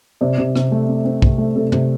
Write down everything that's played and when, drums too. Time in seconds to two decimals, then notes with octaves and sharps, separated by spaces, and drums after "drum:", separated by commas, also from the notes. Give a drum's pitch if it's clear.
0.21 C3 D5
0.38 C3
0.56 C3, drum: rim click
0.72 A3
0.88 C4
1.05 C4
1.22 C3, drum: kick
1.38 A3
1.56 C3 A4
1.72 C3, drum: tom